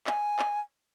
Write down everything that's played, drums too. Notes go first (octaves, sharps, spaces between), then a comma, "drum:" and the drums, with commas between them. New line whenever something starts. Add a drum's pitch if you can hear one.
G#5, drum: clap
drum: clap